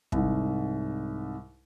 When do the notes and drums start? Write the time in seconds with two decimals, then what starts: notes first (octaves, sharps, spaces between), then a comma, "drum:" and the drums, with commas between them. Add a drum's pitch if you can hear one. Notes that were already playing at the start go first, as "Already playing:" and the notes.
0.12 C2 G#2, drum: kick